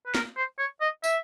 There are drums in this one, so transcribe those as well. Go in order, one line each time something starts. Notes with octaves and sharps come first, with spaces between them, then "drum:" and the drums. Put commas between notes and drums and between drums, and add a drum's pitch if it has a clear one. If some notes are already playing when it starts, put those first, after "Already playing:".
B4
A#4, drum: snare
C5
C#5
D#5
E5, drum: tambourine